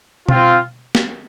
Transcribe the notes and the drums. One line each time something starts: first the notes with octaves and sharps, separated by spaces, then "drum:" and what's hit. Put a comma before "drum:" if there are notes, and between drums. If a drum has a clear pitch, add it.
C4 F4, drum: tom B2
drum: snare